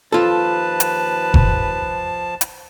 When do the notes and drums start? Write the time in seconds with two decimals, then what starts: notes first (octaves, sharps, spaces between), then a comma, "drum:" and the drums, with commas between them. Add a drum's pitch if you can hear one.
0.12 D#2 F3 F4 A4 B4 A5
0.80 drum: hi-hat
1.34 drum: kick F1
2.41 drum: hi-hat